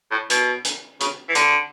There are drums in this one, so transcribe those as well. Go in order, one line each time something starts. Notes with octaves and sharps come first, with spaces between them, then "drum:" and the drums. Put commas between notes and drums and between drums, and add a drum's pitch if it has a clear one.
A2
B2, drum: hi-hat
drum: hi-hat
C#3, drum: hi-hat
E3
D3, drum: hi-hat